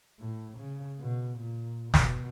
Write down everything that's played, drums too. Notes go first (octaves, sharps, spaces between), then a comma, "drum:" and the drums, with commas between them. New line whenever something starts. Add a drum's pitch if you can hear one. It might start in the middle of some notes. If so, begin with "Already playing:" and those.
A2
C#3
B2
A#2
B2, drum: snare